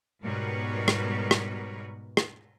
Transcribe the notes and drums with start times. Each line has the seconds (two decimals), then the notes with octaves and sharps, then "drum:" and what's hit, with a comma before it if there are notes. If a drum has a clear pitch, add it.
0.23 G#2 B2 G3 A#4 B4 C#5
0.88 drum: rim click
1.31 drum: rim click
2.17 drum: rim click